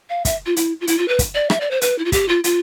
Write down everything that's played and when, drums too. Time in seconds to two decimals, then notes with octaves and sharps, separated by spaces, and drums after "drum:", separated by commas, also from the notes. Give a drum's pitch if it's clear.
0.09 F5
0.25 E5, drum: kick, hi-hat
0.46 F4
0.56 E4, drum: hi-hat
0.81 F4
0.87 E4, drum: hi-hat
0.98 F4
1.08 B4
1.19 drum: kick, hi-hat
1.34 D5
1.50 E5, drum: rim click
1.60 D5
1.71 C5
1.81 B4, drum: hi-hat
1.98 E4
2.05 F4
2.12 G4, drum: kick, hi-hat
2.28 F4
2.44 F4, drum: hi-hat